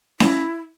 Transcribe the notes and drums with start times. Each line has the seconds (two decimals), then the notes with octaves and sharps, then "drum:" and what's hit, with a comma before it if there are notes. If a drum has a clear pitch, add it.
0.20 E4, drum: snare C#4